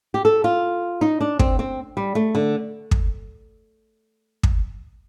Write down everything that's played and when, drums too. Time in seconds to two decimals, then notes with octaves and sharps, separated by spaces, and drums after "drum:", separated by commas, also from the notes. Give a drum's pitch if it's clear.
0.14 G4
0.25 A4
0.44 F4
1.01 D#4
1.21 D4
1.39 C4, drum: kick
1.59 C4
1.97 G3
2.15 A3
2.35 D3
2.91 drum: kick
4.43 drum: kick